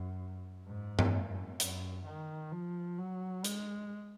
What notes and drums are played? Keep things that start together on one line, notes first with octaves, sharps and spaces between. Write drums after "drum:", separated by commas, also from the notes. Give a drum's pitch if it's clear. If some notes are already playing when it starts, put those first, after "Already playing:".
Already playing: F#2
G#2
F#2, drum: tom G2
F#2
F#2, drum: hi-hat
D#3
F3
F#3
G#3, drum: hi-hat